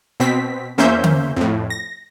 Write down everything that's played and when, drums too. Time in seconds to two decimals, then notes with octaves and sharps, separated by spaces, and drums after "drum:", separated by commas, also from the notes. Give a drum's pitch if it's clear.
0.20 B2 C4 B6
0.78 E2 A#3 C#4 C5 E5 G6
1.04 drum: tom D3
1.36 F2 A2
1.70 A#6